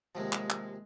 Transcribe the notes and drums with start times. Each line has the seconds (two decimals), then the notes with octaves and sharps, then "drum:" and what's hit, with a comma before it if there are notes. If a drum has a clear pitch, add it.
0.15 D#2 C3 F3 G#3
0.33 drum: clap
0.50 drum: clap